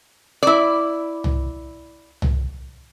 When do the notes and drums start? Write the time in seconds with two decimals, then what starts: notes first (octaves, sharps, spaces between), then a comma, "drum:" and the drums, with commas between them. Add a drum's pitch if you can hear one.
0.43 E4 D5
1.24 drum: tom C2
2.22 drum: tom C2